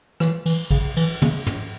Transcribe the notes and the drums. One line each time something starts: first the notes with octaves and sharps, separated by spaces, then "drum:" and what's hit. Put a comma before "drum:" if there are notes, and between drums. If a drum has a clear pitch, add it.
E3, drum: rim click
E3, drum: cymbal
C#3, drum: kick A#1, cymbal
E3, drum: cymbal
C#3, drum: tom
drum: tom